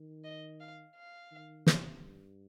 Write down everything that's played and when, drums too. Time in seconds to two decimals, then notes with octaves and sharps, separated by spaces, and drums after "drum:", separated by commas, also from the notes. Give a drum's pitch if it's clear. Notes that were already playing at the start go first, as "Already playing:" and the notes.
Already playing: D#3
0.24 D#5
0.60 F5
0.96 F5
1.31 D#3
1.67 C3, drum: snare
2.02 G2